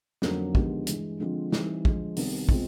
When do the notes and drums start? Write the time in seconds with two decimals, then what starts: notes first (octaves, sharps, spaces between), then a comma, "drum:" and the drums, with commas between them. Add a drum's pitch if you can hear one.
0.22 F2 D3 F#3 A#3 C#4, drum: snare
0.55 D#2 D3 F3 G#3 B3, drum: kick
0.87 G2 E3 G#3, drum: hi-hat
1.20 D3 F3 G#3 C4 F4
1.52 E3 G3 C4 D#4, drum: snare
1.85 D3 F3 G#3, drum: kick
2.16 C2 C3 D#3 G3 B3, drum: open hi-hat
2.49 B2 G#3 C4 F4, drum: kick